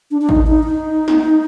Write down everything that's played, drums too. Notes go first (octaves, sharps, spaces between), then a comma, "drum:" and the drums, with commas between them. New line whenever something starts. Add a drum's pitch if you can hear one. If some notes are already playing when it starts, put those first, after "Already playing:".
D4
D4
D#4, drum: kick A1
D#4
D#4
drum: snare